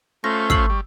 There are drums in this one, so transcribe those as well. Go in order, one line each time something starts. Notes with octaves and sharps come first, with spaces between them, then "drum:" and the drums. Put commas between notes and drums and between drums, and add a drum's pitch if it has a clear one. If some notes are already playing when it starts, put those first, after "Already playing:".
A3 C#4 F4 C5 A#6
C#6 E6 C7 F#7, drum: kick
G3